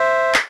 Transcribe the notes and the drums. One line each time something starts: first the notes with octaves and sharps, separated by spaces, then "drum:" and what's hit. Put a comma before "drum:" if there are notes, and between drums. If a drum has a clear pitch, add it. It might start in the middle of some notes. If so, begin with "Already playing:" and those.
Already playing: C5 E5
drum: clap